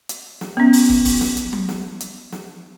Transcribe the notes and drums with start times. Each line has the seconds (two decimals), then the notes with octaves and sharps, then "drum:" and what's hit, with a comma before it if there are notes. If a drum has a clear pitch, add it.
0.09 drum: hi-hat
0.41 drum: snare
0.57 B3 C#4
0.73 drum: open hi-hat
0.89 drum: kick
1.05 drum: kick, open hi-hat
1.21 drum: snare
1.37 drum: hi-hat
1.53 drum: tom F#3
1.69 drum: snare
2.00 drum: hi-hat
2.32 drum: snare